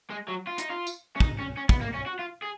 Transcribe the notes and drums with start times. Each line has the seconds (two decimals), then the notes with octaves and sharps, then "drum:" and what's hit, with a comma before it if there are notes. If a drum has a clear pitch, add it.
0.10 G#3
0.28 F#3
0.47 F4
0.58 D#4, drum: hi-hat
0.70 F4
0.87 drum: tambourine
1.16 C#4
1.20 D#4, drum: kick
1.39 C#4
1.57 C#4
1.69 B3, drum: kick
1.81 A#3
1.94 C#4
2.06 F#4
2.19 F4
2.42 G#4